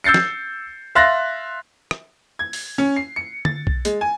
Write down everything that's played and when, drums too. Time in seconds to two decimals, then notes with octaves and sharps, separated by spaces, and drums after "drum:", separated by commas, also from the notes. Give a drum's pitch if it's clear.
0.04 E6 G6 A6 C7 C#7
0.14 drum: snare
0.95 E5 F5 C6 F#6 A6 A#6
1.91 drum: rim click
2.39 G#6
2.53 drum: open hi-hat
2.78 C#4
2.96 C7
3.16 C#7
3.45 A6, drum: tom D3
3.67 drum: kick B1
3.85 G#3, drum: hi-hat
4.01 G#5